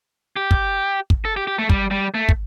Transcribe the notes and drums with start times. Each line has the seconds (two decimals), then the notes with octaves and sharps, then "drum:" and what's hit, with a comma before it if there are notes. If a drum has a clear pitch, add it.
0.36 G4
0.51 drum: kick
1.10 drum: kick
1.25 A4
1.37 G4
1.47 G4
1.59 A3
1.70 G3, drum: kick
1.91 G3
2.14 A3
2.29 drum: kick